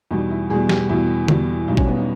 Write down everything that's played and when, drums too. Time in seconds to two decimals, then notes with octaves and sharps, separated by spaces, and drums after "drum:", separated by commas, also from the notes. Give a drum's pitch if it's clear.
0.11 E2 B2 G3 D#4
0.30 E4
0.50 E2 B2 G3 G#4
0.69 G4, drum: snare
0.89 E2 B2 G3 E4
1.28 E2 B2 G3, drum: tom D3
1.68 B1 B2 G3 D#4
1.77 C#4, drum: kick
1.87 B3
1.97 D#4